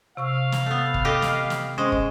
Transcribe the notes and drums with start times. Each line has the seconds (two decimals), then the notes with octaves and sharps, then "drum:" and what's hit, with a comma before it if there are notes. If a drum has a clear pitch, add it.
0.17 C3 F5 C#6 E6
0.52 drum: snare
0.66 A3 B3
0.94 drum: kick
1.05 G4 A4 D#5
1.22 drum: snare
1.50 drum: snare
1.78 G#3 C#4 C5 C6
1.92 drum: kick